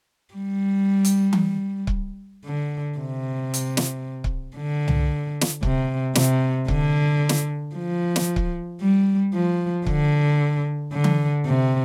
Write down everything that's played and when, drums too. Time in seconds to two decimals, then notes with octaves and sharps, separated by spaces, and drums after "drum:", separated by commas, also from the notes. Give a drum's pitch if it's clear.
0.34 G3
1.05 drum: hi-hat
1.33 drum: tom E3
1.87 drum: kick C#1
2.45 D3
2.98 C3
3.54 drum: hi-hat
3.77 drum: snare
4.24 drum: kick C#1
4.57 D3
4.88 drum: tom C2
5.41 drum: snare
5.63 C3, drum: kick C#1
6.15 C3, drum: snare
6.68 D3, drum: kick C#1
7.29 drum: snare
7.75 F3
8.16 drum: snare
8.36 drum: kick C#1
8.81 G3
9.34 F3
9.87 D3, drum: kick C#1
10.93 D3
11.04 drum: tom E3
11.45 C3